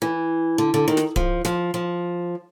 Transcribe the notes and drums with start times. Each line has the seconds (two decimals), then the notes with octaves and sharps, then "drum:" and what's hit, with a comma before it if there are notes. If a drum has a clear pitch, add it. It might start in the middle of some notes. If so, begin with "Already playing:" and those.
0.02 E3
0.58 D3
0.74 D3
0.88 D#3
0.97 drum: snare
1.16 F3, drum: kick D1
1.45 F3, drum: snare
1.74 F3